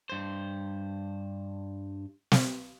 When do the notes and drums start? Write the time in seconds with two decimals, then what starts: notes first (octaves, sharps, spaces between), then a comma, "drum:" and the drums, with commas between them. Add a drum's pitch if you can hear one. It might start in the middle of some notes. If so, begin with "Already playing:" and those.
0.10 G2 C5
2.32 drum: snare